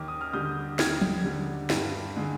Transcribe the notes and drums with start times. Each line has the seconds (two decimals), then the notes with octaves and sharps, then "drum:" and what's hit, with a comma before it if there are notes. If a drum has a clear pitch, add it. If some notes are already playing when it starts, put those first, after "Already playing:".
Already playing: D#2 D6 F6
0.08 D#6
0.21 F6
0.33 D3 G3 D#6 G6
0.79 D#2 F6 G#6, drum: snare
1.02 drum: tom
1.24 D3 G3
1.70 G2, drum: snare
2.15 D3 G#3